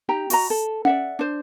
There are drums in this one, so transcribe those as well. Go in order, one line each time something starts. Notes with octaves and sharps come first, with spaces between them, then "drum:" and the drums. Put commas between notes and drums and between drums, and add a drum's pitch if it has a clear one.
D#4 G4 G5 A#5
F#4 D#5 A#5, drum: open hi-hat
A4
D5 E5 F#5, drum: tom C#4
D4 C5